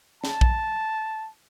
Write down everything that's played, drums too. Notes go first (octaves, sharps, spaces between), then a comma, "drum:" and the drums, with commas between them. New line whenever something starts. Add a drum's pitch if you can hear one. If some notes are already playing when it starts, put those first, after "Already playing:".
A5, drum: snare
drum: kick A#1